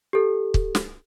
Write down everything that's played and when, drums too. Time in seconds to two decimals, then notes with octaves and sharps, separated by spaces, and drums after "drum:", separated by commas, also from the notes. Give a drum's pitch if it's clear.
0.13 G4 A4
0.54 drum: kick
0.75 drum: snare